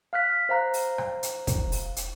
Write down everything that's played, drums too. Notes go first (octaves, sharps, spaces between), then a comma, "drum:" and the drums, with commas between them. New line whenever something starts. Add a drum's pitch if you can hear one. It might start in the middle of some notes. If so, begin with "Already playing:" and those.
F5 F6 F#6 B6
C5 F5 A#5 F#6
drum: open hi-hat
drum: rim click
drum: hi-hat
drum: kick, hi-hat
drum: open hi-hat
drum: hi-hat